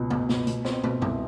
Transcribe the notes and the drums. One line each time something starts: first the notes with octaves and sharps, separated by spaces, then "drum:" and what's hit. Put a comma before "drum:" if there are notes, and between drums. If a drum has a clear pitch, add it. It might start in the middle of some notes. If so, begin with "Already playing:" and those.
Already playing: C#2 B2
B2, drum: tom F#2
B2, drum: snare
B2, drum: hi-hat
C4, drum: snare
B2, drum: tom
C2, drum: tom F#2